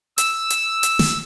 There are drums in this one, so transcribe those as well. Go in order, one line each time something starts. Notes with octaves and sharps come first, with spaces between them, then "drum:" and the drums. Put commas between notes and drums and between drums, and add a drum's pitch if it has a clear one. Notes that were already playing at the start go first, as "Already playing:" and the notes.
E6, drum: hi-hat
drum: hi-hat
drum: hi-hat
drum: snare